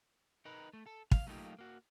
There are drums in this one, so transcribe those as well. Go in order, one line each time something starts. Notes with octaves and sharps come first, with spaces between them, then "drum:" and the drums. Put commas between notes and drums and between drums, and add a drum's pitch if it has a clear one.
D#4 A#4 B4
A3
A4
F5, drum: kick
F#3 A3 A#3 D#4 F4 G4
A#3 F#4